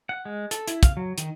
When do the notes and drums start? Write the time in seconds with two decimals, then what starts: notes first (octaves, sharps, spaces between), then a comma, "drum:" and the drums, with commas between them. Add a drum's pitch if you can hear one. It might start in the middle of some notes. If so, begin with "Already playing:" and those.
0.09 F#5
0.25 G#3
0.51 A4, drum: hi-hat
0.68 E4, drum: hi-hat
0.83 F5, drum: kick, hi-hat
0.97 F#3
1.18 D#3, drum: hi-hat